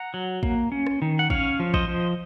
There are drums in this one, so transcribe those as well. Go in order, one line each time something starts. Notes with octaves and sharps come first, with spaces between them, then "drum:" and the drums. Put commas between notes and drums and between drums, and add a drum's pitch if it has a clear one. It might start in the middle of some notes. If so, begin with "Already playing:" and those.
Already playing: F#5 A#5
F#3
A#3, drum: kick
C#4
drum: rim click
D#3
F#5
C#4 C#5 F5, drum: kick
F3
C5 D#5, drum: kick
F3